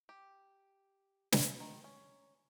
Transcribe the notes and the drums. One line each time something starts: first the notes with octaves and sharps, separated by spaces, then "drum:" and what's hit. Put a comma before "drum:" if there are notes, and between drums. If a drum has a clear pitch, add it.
G4
E4, drum: snare
D#3
C#4